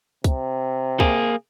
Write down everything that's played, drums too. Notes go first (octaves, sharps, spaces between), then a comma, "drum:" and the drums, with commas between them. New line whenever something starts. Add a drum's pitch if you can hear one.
C3, drum: kick, hi-hat
A#3 G#4, drum: kick